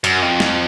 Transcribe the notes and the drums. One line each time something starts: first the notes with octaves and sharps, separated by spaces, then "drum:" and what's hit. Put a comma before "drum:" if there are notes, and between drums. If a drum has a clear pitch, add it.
F#2, drum: hi-hat
F2
drum: snare